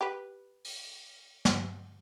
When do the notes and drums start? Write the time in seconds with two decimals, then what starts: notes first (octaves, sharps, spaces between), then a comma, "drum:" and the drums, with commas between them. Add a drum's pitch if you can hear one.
0.01 G4 B4
0.65 drum: open hi-hat
1.45 drum: snare